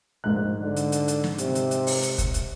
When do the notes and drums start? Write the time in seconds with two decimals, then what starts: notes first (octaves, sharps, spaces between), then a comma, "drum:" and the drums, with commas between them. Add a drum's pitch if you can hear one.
0.24 A#1 G#2 F#6
0.61 D3
0.76 drum: hi-hat
0.92 drum: hi-hat
1.08 drum: hi-hat
1.24 drum: snare
1.38 C3, drum: hi-hat
1.55 drum: hi-hat
1.71 drum: hi-hat
1.87 drum: open hi-hat
2.03 drum: hi-hat
2.18 drum: kick, hi-hat
2.34 drum: hi-hat